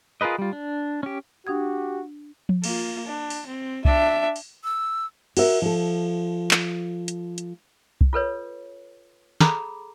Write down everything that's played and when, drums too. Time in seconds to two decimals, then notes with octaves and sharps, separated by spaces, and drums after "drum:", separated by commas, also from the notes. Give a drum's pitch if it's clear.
0.21 F4 G#4 A#4 B4 D#5
0.38 G3 F4
0.53 D4
1.03 C#4 G4
1.47 D4 F#4 G4 D#6 G#6
2.49 drum: tom F3
2.64 A#3 F4, drum: cymbal
3.06 D4
3.30 drum: open hi-hat
3.47 C4
3.85 D4 E5, drum: kick C2
4.36 drum: open hi-hat
4.64 E6
5.37 F#4 A#4 E5, drum: cymbal
5.62 F3 A4
6.51 drum: clap
7.08 drum: hi-hat
7.38 drum: hi-hat
8.01 drum: kick C2
8.13 F4 A4 B4 C#5
9.41 G#4 A4 A#5 B5 D6, drum: snare